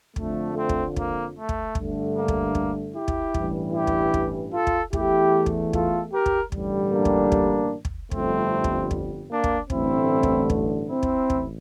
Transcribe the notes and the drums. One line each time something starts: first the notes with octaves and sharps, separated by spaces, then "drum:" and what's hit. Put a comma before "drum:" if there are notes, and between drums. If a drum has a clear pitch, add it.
F2 D3 F3 A3, drum: kick
A3 C4
drum: kick
A#3, drum: kick
A3
drum: kick
G2 D3 A3, drum: kick
A#3
drum: kick
drum: kick
E4 G4
drum: kick
A1 G2 E3 G3, drum: kick
E4 G4
drum: kick
drum: kick
F4 A4
drum: kick
E2 E3 A3 E4 G4, drum: kick
drum: kick
F4 A4, drum: kick
G4 A#4
drum: kick
A1 G2 D3 G3, drum: kick
A#3 D4
drum: kick
drum: kick
drum: kick
G1 F2 D3 G3 A3 C4, drum: kick
drum: kick
drum: kick
A#3 D4
drum: kick
A1 G2 D3 A3 C4 E4, drum: kick
drum: kick
drum: kick
C4 E4
drum: kick
A1, drum: kick